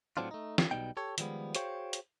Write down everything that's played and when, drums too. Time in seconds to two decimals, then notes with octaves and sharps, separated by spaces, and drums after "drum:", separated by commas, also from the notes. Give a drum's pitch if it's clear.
0.17 A2 C3 F#3 C4 D4 F4
0.31 A3 D#4
0.58 drum: snare
0.71 B1 B2 G3 C4 D#4 G5
0.97 G4 A4 C#5
1.18 D#3 F3 G3 G#3 B3, drum: hi-hat
1.55 F#4 G#4 C5 C#5 F5 G5, drum: hi-hat
1.93 drum: hi-hat